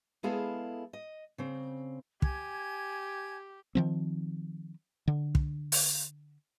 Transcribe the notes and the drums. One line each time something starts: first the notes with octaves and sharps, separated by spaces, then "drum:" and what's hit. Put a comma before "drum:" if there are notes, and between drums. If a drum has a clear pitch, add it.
G#3 B3 E4 G#4 A4 F5
D#5
C#3 C4
G4 G#5 G#6, drum: kick
D#3 F3 C4
D3
drum: kick
drum: open hi-hat